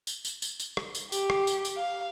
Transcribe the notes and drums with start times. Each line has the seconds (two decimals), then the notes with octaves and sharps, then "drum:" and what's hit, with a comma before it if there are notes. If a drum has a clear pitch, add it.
0.07 drum: tambourine
0.25 drum: tambourine
0.42 drum: tambourine
0.60 drum: tambourine
0.77 drum: rim click
0.95 drum: tambourine
1.12 G4, drum: tambourine
1.30 drum: rim click
1.47 drum: tambourine
1.65 drum: tambourine
1.77 F5